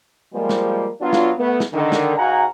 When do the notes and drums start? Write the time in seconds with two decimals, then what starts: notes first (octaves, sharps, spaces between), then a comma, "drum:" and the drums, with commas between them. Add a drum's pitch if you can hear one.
0.34 F3 G3 G#3 A#3
0.49 drum: snare
1.01 F#3 B3 D4 F4
1.13 drum: snare
1.38 A3 B3
1.60 drum: snare
1.74 D3 D#3
1.92 drum: snare
2.17 G#2 F#4 F5 F#5 G#5 A#5